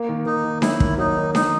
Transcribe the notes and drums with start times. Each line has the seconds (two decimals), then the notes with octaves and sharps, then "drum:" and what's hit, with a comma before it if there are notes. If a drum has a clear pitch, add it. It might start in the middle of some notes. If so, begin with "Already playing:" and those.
Already playing: A#3
0.09 D#3
0.26 D#3 D#4
0.44 D#3
0.62 F#3 E4, drum: snare D4
0.80 D#3, drum: kick
0.98 F#3 D#4
1.17 D#3
1.35 D#3 D#4, drum: snare D4